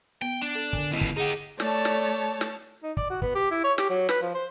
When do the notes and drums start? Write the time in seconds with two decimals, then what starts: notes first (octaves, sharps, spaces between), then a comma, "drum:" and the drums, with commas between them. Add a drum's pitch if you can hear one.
0.22 B3 G5
0.42 D4
0.55 A4
0.73 D3 G#5, drum: kick
0.91 C#2 B2 E4 D#5
1.01 drum: kick
1.16 D#4 G4 G#4 F#5
1.60 A3 C#5 D5 A5, drum: snare
1.85 drum: snare
2.41 drum: snare
2.83 D#4
2.97 D5, drum: kick
3.10 F#4
3.22 B3, drum: kick
3.35 G4
3.51 E4
3.64 C#5
3.78 G4, drum: snare
3.90 F#3
4.09 B4, drum: snare
4.22 F3
4.34 C5